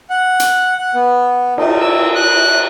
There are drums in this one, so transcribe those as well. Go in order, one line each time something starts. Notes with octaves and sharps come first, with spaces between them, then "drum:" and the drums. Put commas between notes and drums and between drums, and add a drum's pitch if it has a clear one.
F#5
drum: hi-hat
F#5
B3
D#4, drum: cymbal
E6
F#6